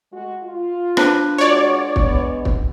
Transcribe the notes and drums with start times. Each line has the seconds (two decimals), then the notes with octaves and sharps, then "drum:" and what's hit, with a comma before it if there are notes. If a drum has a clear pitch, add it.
0.13 G#3 F#4
0.44 F4
0.97 D4 B4 C5, drum: rim click
1.38 G#3 F4 F#4 C#5 D5
1.96 drum: kick
2.05 G#3 B3
2.45 drum: kick